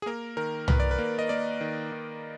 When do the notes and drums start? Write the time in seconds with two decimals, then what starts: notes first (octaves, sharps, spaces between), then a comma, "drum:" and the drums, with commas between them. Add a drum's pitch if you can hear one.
0.02 G#4
0.06 A#3 A#4
0.37 D#3 A#4
0.68 D#3 B4, drum: tom C2
0.80 D5
0.91 B4
0.99 A#3
1.19 D#5
1.29 A#3 D5
1.61 D#3
1.92 D#3